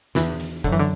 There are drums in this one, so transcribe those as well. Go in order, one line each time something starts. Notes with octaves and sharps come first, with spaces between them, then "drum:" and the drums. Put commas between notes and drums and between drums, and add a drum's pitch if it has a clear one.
E2 E3, drum: snare
drum: hi-hat
F#2 D3, drum: kick, hi-hat
E3
D3